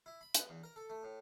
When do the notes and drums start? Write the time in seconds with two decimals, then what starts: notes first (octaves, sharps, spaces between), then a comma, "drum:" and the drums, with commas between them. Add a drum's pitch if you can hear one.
0.06 E4
0.21 B5
0.34 B3, drum: hi-hat
0.49 E2
0.63 A#4
0.76 A4
0.90 A3
1.03 A2